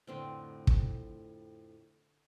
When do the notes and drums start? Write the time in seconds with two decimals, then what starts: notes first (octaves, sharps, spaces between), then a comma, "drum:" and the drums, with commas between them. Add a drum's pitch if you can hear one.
0.07 F2 A2 D3 C4 G5
0.67 drum: kick